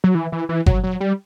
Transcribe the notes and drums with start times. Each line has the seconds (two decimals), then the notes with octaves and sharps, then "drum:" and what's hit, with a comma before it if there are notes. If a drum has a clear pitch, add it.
0.04 F#3
0.15 E3
0.32 E3
0.49 E3
0.66 F#3, drum: kick G1
0.84 F#3
1.00 G3